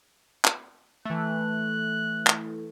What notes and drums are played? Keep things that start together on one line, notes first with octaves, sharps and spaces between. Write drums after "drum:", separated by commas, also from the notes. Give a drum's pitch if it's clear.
drum: clap
E3 A3 F#6
drum: clap